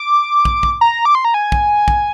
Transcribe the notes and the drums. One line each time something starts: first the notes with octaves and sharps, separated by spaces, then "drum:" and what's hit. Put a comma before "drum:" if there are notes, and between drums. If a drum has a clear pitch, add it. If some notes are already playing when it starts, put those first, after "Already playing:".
Already playing: D6
drum: kick
drum: kick
A#5
D6
C6
A#5
G#5
drum: kick
drum: kick